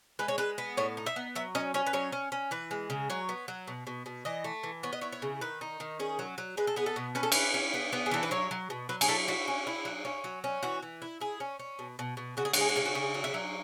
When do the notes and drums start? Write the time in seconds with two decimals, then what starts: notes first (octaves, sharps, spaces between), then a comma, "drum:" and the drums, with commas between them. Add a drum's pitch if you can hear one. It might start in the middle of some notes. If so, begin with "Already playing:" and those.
0.19 G#3 B4
0.28 C#5
0.38 G#3 B4
0.58 B3
0.77 A2 C#5
0.97 D#4
1.06 E5
1.16 B3
1.35 F#3 E5
1.55 C#4 D#5
1.74 C#4 C#5
1.87 B4
1.93 F#3 C#5
2.12 C#4
2.32 C#4
2.51 E3 B4
2.71 G#3
2.90 C#3
3.10 F#3 C#5
3.29 B3
3.48 F#3
3.68 B2
3.87 B2
4.06 B2
4.25 E3 D#5
4.44 A3
4.63 E3
4.83 B3 C#5
4.93 D#5
5.01 E4 C#5
5.12 C#5
5.22 C#3
5.41 D#3 B4
5.61 D#4
5.80 D#3
5.99 C#4 G#4
6.19 F#3
6.38 F#3
6.57 G#3 B4
6.67 A4
6.76 B3 G#4
6.86 A4
6.96 B2
7.15 C#4 B4
7.23 A4
7.32 E4 B4, drum: cymbal
7.54 C#4
7.74 B3
7.93 B3
8.06 G#4
8.11 E3 A4
8.23 B4
8.31 F#3 C#5
8.51 F#3
8.70 B2
8.89 F#3 B4
9.01 G#4, drum: cymbal
9.08 E4 A4
9.28 E4 F#4
9.48 C#4
9.67 E4
9.85 F#3
10.05 C#4
10.24 F#3
10.44 C#4
10.63 E3 F#4
10.82 E3
11.02 E4
11.20 E4 G#4
11.40 C#4
11.59 C#4
11.79 B2
11.99 B2
12.17 B2
12.37 C#3 F#4
12.45 G#4
12.53 F#4, drum: cymbal
12.56 G#3 G#4
12.69 F#4
12.76 C#3 G#4
12.85 F#4
12.95 C#3 G#4
13.14 F#3
13.24 E5
13.34 F#3